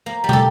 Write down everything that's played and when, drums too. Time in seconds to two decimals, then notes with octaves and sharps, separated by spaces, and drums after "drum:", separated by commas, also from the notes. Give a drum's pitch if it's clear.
0.06 A#3
0.24 G3
0.29 G4 A4, drum: tom